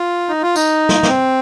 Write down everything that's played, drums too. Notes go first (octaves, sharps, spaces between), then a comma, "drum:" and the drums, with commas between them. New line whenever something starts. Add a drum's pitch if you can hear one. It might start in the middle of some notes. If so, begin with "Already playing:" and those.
Already playing: F4
D#4
F4
D#4, drum: tambourine
drum: snare
A#3, drum: snare
C4